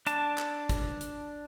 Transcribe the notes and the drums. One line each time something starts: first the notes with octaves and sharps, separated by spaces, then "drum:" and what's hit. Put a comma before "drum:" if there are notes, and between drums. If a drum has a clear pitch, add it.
D4 A5, drum: hi-hat
drum: clap
drum: kick, hi-hat
drum: hi-hat